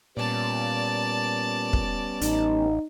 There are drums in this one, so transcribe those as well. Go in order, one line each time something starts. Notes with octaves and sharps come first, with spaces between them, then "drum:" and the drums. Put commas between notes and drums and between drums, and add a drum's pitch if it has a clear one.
A#2 G3 B3 C#4 D5 A5
drum: kick
A1 D#4, drum: hi-hat